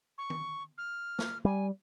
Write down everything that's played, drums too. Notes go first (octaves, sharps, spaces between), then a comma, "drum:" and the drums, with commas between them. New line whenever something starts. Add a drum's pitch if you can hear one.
C#6
drum: tom D#3
F6
drum: snare
G3 G#5